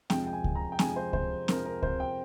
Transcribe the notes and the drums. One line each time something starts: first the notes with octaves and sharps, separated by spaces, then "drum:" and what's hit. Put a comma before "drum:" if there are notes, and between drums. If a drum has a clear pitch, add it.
F2 C3 F3 G#3 G5, drum: snare C4
G5
G#5
drum: kick C#2
A#5
G5
F2 C3 F3 G#3 G#5, drum: snare C4
C5
C5, drum: kick C#2
F2 C3 F3 G#3 A#4, drum: snare C4
A#4
C5, drum: kick C#2
G5